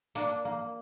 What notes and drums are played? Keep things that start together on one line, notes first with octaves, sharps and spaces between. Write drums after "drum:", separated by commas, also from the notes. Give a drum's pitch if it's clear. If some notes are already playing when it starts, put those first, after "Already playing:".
A#3 D4, drum: tambourine
A#3